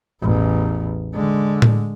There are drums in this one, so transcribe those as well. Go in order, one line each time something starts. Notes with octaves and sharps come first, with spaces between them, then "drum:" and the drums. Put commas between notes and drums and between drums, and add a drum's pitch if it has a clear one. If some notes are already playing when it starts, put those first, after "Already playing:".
A1 E2
D3 G#3
drum: tom A2